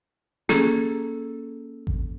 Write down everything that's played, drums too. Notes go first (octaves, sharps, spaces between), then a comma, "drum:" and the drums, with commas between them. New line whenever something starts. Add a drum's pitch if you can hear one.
A#3 C#4 G#4 A4, drum: snare
drum: kick G#1